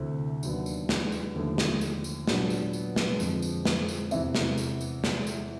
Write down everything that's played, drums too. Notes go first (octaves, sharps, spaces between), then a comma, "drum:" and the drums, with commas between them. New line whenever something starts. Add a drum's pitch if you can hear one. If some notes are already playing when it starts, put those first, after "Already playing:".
Already playing: D2 C3 E3 A3 C4
D#2 D#3 F#3 B3 D4, drum: tambourine
drum: tambourine
drum: snare
drum: tambourine
D#2 D3 F3 A3
drum: snare
drum: tambourine
drum: tambourine
A#2 F#3 B3 D4, drum: snare
drum: tambourine
drum: tambourine
drum: snare
F2 D3 F3 G#3, drum: tambourine
drum: tambourine
drum: snare
drum: tambourine
E2 C3 E3 E5, drum: tambourine
drum: snare
drum: tambourine
drum: tambourine
drum: snare
drum: tambourine